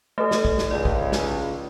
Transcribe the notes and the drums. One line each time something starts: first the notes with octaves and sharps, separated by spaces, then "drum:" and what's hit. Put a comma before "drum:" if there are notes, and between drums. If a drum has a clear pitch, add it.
A3 A4 B4 D#5
drum: snare
drum: kick
drum: snare
C#2 D5
drum: kick
drum: snare